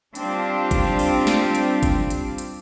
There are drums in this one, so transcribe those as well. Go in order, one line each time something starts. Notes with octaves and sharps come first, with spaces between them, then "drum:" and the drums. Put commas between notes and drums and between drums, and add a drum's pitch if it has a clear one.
G3 C4 D4 F4 G4, drum: hi-hat
drum: kick, hi-hat
drum: open hi-hat
drum: snare
drum: hi-hat
drum: kick, hi-hat
drum: hi-hat
drum: hi-hat